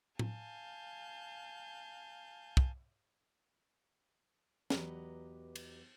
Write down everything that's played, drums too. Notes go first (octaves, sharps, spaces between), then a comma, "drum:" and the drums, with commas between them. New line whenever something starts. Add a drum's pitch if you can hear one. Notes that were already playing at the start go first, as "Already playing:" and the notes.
F5 G#5 A5 G6, drum: tom
drum: kick
E2 F#3 G4 B4 D#5 A#5, drum: snare
drum: cymbal